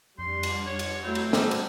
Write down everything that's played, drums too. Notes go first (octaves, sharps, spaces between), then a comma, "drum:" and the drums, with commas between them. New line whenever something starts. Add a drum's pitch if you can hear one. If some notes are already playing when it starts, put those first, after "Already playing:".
F2 G3 D4 C6
drum: cymbal
C#5
drum: cymbal
F#3 A3 C4 E4
drum: cymbal
G3 A3 D#4 F#4 C5, drum: snare
drum: cymbal